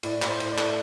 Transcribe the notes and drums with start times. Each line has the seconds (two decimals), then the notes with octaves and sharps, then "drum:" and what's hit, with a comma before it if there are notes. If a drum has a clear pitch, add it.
0.03 A2 D5, drum: cymbal
0.22 A2, drum: clap
0.28 C5
0.40 A2, drum: cymbal
0.52 D5
0.58 A3, drum: clap